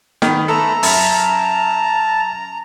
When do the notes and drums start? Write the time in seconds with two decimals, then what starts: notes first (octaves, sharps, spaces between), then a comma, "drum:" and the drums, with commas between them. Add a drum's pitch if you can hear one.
0.22 D#3 B3, drum: snare
0.48 A3 A4 A#5 B5 E6
0.83 F#2 E5 A5 B5, drum: open hi-hat